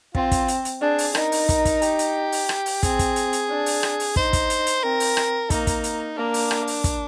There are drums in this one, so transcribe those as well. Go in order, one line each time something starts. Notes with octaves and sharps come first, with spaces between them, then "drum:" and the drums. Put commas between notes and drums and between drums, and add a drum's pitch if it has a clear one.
C4 F4, drum: kick
drum: kick, hi-hat
drum: hi-hat
drum: hi-hat
D4 G#4
drum: open hi-hat
D#4 A#4, drum: rim click
drum: open hi-hat
A#4, drum: kick, hi-hat
drum: kick, hi-hat
G4, drum: hi-hat
drum: hi-hat
drum: open hi-hat
drum: rim click
drum: open hi-hat
C4 G#4, drum: kick, hi-hat
drum: kick, hi-hat
drum: hi-hat
drum: hi-hat
D4
drum: open hi-hat
drum: rim click
drum: open hi-hat
D#4 C5, drum: kick
drum: kick, hi-hat
drum: hi-hat
drum: hi-hat
C4 A#4
drum: open hi-hat
drum: rim click
A#3 D#4, drum: kick, hi-hat
drum: kick, hi-hat
drum: hi-hat
A#3 D4
drum: open hi-hat
drum: rim click
drum: open hi-hat
drum: kick, hi-hat